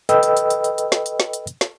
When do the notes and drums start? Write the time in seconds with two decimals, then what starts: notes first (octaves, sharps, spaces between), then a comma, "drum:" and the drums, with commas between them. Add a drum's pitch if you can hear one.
0.09 A4 B4 D#5 G5 B5 E6, drum: hi-hat
0.23 drum: hi-hat
0.37 drum: hi-hat
0.50 drum: hi-hat
0.64 drum: hi-hat
0.78 drum: hi-hat
0.92 drum: snare
1.06 drum: hi-hat
1.20 drum: snare
1.33 drum: hi-hat
1.47 drum: hi-hat
1.61 drum: snare